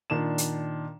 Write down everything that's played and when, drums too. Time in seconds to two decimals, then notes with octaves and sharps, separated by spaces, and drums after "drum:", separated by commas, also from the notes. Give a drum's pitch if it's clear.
0.10 A#2 D#3 D4 E7
0.38 drum: hi-hat